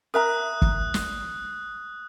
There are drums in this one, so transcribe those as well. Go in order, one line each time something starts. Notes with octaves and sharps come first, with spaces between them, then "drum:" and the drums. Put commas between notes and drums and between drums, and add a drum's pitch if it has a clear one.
A#4 E5 A#5 D#6 F#6
drum: kick
drum: snare